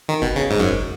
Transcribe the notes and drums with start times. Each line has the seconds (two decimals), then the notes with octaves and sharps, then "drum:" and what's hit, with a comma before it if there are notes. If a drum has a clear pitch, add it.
0.09 D#3
0.22 B2, drum: kick F#1
0.36 C#3
0.51 G#2
0.59 F#2
0.72 drum: kick F#1